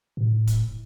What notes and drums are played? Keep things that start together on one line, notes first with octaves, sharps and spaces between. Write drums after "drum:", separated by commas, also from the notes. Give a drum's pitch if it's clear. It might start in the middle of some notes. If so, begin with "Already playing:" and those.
A2
drum: kick, hi-hat